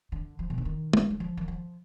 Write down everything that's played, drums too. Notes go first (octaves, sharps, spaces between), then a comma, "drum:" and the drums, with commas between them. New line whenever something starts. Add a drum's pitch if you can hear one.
D3
F3
B2
D3
D#3
D3, drum: tom G#3
F#3
F3
D#3
F3